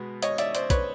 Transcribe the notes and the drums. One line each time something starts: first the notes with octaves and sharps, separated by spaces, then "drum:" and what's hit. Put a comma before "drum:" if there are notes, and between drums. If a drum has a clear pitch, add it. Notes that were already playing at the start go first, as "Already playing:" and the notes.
Already playing: B2 G#3 B3
C#5 D#5, drum: hi-hat
D5 E5, drum: hi-hat
C5 D5, drum: hi-hat
B4 C#5, drum: kick, hi-hat